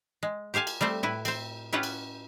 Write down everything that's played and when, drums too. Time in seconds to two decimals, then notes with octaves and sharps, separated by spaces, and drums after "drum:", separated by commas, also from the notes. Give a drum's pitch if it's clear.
0.23 G#3
0.54 G4 C5 F5 G#5 A5
0.67 drum: cymbal
0.81 G3 A3 C4 C5
1.03 A2 E4 B4
1.25 C4 C5, drum: cymbal
1.73 C#4 E4 F4 G4 B4 F#5
1.83 drum: cymbal